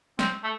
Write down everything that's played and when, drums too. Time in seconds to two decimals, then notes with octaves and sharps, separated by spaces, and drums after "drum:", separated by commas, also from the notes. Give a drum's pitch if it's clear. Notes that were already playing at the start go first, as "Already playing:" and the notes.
0.19 C4, drum: snare
0.43 A3